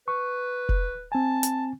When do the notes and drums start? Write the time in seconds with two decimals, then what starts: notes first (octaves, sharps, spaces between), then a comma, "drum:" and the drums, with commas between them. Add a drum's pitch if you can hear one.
0.08 B4 C#6
0.69 drum: kick F1
1.12 C4 G#5 A5
1.43 drum: hi-hat